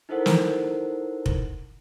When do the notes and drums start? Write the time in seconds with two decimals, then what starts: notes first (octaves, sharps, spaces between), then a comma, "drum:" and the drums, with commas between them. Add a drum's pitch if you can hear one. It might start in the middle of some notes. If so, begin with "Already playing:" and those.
0.09 D#4 E4 A4 A#4 C5 F#5
0.26 drum: snare
1.26 drum: kick F1